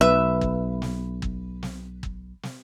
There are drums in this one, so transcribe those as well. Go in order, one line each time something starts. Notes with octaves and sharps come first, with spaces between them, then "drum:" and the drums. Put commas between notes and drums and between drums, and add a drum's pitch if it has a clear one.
B1 B4 E5
drum: kick G1
drum: snare
drum: kick G1
drum: snare
drum: kick G1
drum: snare